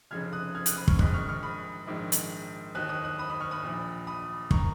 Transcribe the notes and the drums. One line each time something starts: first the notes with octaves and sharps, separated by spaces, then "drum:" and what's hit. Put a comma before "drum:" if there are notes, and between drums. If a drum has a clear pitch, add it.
F1 F2 C#3 F6 G#6
D#6 F#6
F6 G#6
D#6 F#6, drum: hi-hat
B5 D#6
C#6 F6, drum: kick
A#1 G#2 D#3 D#6 F#6, drum: kick
C#6 F6
C#6 F6
B5 D#6
A#1 G#2 D#3
drum: hi-hat
D#2 D#3 D#6 F#6
D#6 F#6
D#6 F#6
B5 D#6
B5 D#6
C#6 F6
B5 D#6
A#1 A#2
B5 D#6
D#3 A#5 C#6, drum: kick